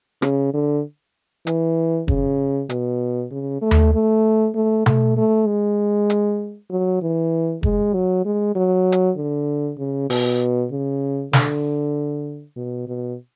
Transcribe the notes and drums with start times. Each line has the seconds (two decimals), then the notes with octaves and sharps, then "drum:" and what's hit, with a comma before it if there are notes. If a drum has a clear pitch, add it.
0.22 C#3, drum: rim click
0.54 D3
1.47 E3, drum: hi-hat
2.08 C#3, drum: kick
2.70 B2, drum: hi-hat
3.31 C#3
3.62 A3
3.71 drum: tom D#2
3.93 A3
4.55 A3
4.86 A3, drum: tom B2
5.16 A3
5.47 G#3
6.10 drum: hi-hat
6.71 F#3
7.02 E3
7.63 G#3, drum: kick
7.94 F#3
8.25 G#3
8.56 F#3
8.92 drum: hi-hat
9.17 D3
9.78 C#3
10.10 B2, drum: open hi-hat
10.72 C#3
11.33 D3, drum: snare
12.56 B2
12.87 B2